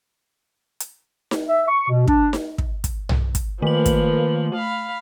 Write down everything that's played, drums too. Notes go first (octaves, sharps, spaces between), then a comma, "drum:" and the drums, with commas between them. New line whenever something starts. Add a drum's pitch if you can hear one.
drum: hi-hat
drum: snare D#4
E5
C#6
B2
D4, drum: kick
drum: snare D#4
drum: kick
drum: kick, hi-hat
drum: tom B1
drum: kick, hi-hat
D#3 F3 A3 A#3 B4 F#7
drum: kick, hi-hat
F5 B5